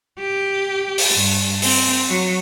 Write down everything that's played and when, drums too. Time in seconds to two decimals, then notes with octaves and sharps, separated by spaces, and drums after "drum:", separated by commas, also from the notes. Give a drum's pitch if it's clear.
0.19 G4
0.98 drum: open hi-hat
1.14 G2
1.62 C4, drum: open hi-hat
2.08 F#3